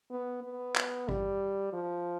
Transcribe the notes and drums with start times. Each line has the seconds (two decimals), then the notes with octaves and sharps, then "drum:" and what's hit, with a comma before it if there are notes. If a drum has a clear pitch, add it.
0.11 B3
0.44 B3
0.76 drum: clap
1.09 G3, drum: kick G#1
1.73 F3